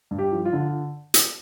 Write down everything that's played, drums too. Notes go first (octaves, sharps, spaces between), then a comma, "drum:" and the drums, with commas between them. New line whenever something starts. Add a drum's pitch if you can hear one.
G2
G4
F3
F4
D3
drum: hi-hat